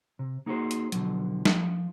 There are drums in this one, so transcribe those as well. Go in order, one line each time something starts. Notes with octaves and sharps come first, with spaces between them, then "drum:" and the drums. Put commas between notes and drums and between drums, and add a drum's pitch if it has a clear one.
C3
A#3 D#4 F#4 G#4 A#4 C5
drum: hi-hat
B2 D3 F3 F#3, drum: hi-hat
F3, drum: snare